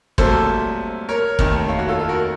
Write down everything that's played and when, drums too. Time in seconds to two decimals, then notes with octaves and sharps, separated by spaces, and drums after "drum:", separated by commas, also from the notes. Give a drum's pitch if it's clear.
0.18 C2 A#2 F#3 A3 A4 C5, drum: kick
1.09 A#4 C#5
1.39 F1 D#2 D#3 A3, drum: kick
1.68 C#5 F5
1.79 F#4
1.89 F4 A4
1.99 F4 A4
2.09 F#4 A#4
2.20 F#4